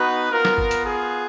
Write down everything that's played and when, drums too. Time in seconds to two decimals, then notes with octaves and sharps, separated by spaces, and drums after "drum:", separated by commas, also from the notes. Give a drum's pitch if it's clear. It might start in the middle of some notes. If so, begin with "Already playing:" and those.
Already playing: B3 D#4 F#4 B4
0.32 B3 F4 A#4
0.45 drum: snare
0.58 drum: kick
0.71 drum: hi-hat
0.84 G#4